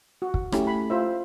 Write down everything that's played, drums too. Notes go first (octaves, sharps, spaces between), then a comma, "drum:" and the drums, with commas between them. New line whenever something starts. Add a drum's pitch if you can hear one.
F#4
drum: kick
A3 C#4 E4 G4, drum: rim click
B5
F4 C5 E5